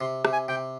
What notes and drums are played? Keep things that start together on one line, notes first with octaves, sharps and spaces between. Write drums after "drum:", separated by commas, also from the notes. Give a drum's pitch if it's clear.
C3 C6
C3, drum: rim click
G#5
C3 G5